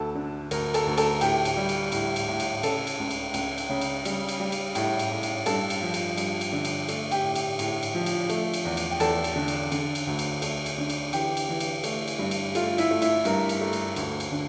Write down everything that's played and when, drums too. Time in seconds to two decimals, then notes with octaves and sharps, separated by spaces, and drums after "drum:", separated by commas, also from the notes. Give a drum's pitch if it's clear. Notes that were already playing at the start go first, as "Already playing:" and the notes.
Already playing: D2 A4 A5
0.15 D3
0.51 D2 A#4 A#5, drum: cymbal
0.74 A4 A5, drum: cymbal
0.87 D2
0.98 A4 A5, drum: cymbal
1.21 A2 G4 G5, drum: cymbal
1.45 drum: cymbal
1.57 G3
1.69 drum: cymbal
1.92 A2, drum: cymbal
2.16 drum: cymbal
2.28 A2
2.40 drum: cymbal
2.63 C#3 A4 A5, drum: cymbal
2.87 drum: cymbal
2.99 C#2
3.11 drum: cymbal
3.34 C#2, drum: cymbal
3.58 drum: cymbal
3.69 C#3
3.81 drum: cymbal
4.05 G3, drum: cymbal
4.29 drum: cymbal
4.40 G3
4.52 drum: cymbal
4.75 A2, drum: cymbal
4.99 drum: cymbal
5.11 A2
5.23 drum: cymbal
5.46 G2 A4 A5, drum: cymbal
5.70 drum: cymbal
5.83 F3
5.94 drum: cymbal
6.17 G2, drum: cymbal
6.41 drum: cymbal
6.53 D3
6.65 drum: cymbal
6.89 A3, drum: cymbal
7.11 G4 G5, drum: cymbal
7.23 A2
7.35 drum: cymbal
7.59 A2, drum: cymbal
7.83 drum: cymbal
7.95 F3
8.06 drum: cymbal
8.30 A3, drum: cymbal
8.54 drum: cymbal
8.65 E2
8.77 drum: cymbal
8.91 G5
9.00 E2 A4 A5, drum: cymbal
9.24 drum: cymbal
9.36 D3
9.48 drum: cymbal
9.72 D3, drum: cymbal
9.95 drum: cymbal
10.07 D2
10.19 drum: cymbal
10.42 A3, drum: cymbal
10.66 drum: cymbal
10.78 D3
10.90 drum: cymbal
11.13 E3 G4 G5, drum: cymbal
11.37 drum: cymbal
11.49 E3
11.60 drum: cymbal
11.84 A3, drum: cymbal
12.08 drum: cymbal
12.19 G2
12.31 drum: cymbal
12.55 A3 F4 F5, drum: cymbal
12.78 E4 E5, drum: cymbal
12.91 A3
13.02 E4 E5, drum: cymbal
13.25 G2 A#4, drum: cymbal
13.49 drum: cymbal
13.61 A3
13.73 drum: cymbal
13.96 D2, drum: cymbal
14.20 drum: cymbal
14.31 D3